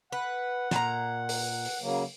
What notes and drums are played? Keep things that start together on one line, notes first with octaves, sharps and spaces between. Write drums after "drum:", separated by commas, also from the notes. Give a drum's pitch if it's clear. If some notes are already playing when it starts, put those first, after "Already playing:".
B4 F#5
A#2 A#5, drum: snare
drum: open hi-hat
drum: open hi-hat
C#3 F#3 A#3